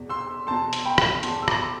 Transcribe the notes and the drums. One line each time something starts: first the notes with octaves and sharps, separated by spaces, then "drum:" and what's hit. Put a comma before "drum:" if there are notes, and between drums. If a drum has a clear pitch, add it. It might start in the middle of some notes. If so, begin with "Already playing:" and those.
Already playing: E2 B2
C6 E6
E2 B2 A5 C6
drum: hi-hat
G5 B5
drum: rim click
E2 B2 A5 C6, drum: hi-hat
E6
B5 D6, drum: rim click